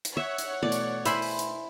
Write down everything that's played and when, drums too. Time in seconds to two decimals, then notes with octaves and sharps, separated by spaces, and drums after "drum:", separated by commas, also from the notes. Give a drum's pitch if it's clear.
0.05 drum: hi-hat
0.17 C#5 E5 F#5
0.38 drum: hi-hat
0.63 B2 E3 A3 D5
0.72 drum: hi-hat
1.05 E4 C5 G#5 B5, drum: hi-hat
1.22 drum: open hi-hat
1.39 drum: hi-hat